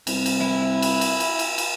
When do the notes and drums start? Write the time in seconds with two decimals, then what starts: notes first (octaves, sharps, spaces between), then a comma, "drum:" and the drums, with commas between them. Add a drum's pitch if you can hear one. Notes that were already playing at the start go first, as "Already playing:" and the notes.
0.07 C2, drum: cymbal
0.26 drum: cymbal
0.41 E4
0.82 drum: cymbal
1.01 drum: cymbal
1.20 drum: cymbal
1.39 drum: cymbal
1.58 drum: cymbal